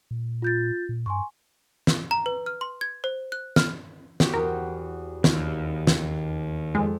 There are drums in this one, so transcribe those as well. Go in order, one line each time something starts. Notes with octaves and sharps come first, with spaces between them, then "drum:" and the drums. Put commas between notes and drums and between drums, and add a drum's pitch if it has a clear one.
A#2
F4 G6 A6
A#2
G2 G#5 C6 C#6
drum: snare
A#5
B4
F6
C6
G#6
C5
F#6
F6, drum: snare
C4 F#4 G4, drum: snare
E2 A#4
D#2, drum: snare
drum: snare
F2 G#3